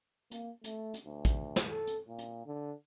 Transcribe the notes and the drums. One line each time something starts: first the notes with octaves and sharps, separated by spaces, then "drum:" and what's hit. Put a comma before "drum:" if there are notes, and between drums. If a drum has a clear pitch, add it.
A#3, drum: hi-hat
A3, drum: hi-hat
drum: hi-hat
D2
drum: kick, hi-hat
drum: snare
A4
drum: hi-hat
A#2
drum: hi-hat
D3